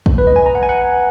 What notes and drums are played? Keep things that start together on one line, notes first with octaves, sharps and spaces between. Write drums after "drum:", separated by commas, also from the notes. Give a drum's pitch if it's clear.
drum: kick
B4
D#5
G#5
A#5
F#5
G#5
F#5